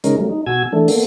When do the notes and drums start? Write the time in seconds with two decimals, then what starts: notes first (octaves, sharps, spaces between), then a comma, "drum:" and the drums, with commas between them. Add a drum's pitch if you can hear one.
0.04 C#3 G#3 C#4 D#4 A#4, drum: hi-hat
0.18 F#3 G3 A3
0.29 D#4
0.46 B2 F#4 G#5 E6 G#6
0.73 E3 A3 D4 A4
0.88 A#3 B3 A4, drum: open hi-hat